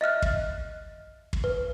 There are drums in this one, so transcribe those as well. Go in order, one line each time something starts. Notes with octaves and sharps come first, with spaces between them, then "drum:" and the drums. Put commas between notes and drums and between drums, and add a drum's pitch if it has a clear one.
D#5 E5 F6 F#6
drum: kick
drum: kick
B4